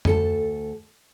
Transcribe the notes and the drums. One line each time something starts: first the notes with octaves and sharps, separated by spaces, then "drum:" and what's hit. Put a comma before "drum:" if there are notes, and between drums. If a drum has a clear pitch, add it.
D2 A4 A5, drum: tom F2